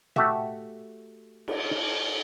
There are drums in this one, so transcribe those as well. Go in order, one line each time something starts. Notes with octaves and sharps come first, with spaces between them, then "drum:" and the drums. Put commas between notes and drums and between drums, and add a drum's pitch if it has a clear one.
A3 F#4 G4 E5, drum: tom
drum: cymbal